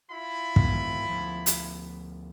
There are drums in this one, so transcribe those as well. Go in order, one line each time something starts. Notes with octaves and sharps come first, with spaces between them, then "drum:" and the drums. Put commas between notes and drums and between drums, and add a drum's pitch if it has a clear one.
E4 F4 B5
G#2 D#3 B3, drum: kick
D2 F3
drum: hi-hat